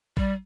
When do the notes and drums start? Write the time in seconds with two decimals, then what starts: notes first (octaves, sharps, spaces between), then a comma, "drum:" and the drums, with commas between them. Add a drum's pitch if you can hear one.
0.17 G3, drum: kick